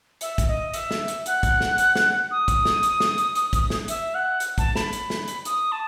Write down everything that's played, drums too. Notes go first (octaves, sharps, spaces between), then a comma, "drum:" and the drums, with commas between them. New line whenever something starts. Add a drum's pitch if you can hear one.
E5, drum: hi-hat
drum: kick, hi-hat
D#5
E5, drum: hi-hat
drum: snare
drum: hi-hat
F#5, drum: hi-hat
drum: kick, hi-hat
drum: snare
drum: hi-hat
drum: snare
D#6
drum: kick, hi-hat
drum: snare
drum: hi-hat
drum: snare
drum: hi-hat
drum: hi-hat
drum: kick, hi-hat
drum: snare
E5, drum: hi-hat
F#5
drum: hi-hat
A5, drum: kick, hi-hat
B5, drum: snare
drum: hi-hat
drum: snare
drum: hi-hat
D#6, drum: hi-hat
A5